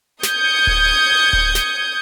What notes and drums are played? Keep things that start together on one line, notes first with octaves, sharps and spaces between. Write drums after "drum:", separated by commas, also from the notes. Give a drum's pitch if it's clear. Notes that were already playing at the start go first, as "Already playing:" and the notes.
D#6 G6 G#6 C#7, drum: snare
drum: kick D1
drum: kick D1
drum: snare